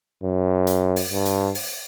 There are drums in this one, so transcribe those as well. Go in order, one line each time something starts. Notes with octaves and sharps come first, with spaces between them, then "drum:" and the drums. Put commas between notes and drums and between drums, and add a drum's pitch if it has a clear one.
F#2
drum: hi-hat
drum: open hi-hat
G2
drum: hi-hat
drum: open hi-hat